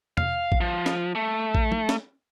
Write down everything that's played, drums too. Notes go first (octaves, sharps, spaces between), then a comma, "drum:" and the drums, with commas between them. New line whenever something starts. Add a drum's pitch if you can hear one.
F5, drum: tom
drum: kick A1
F3
drum: snare
A3
drum: kick A1
drum: tom
drum: snare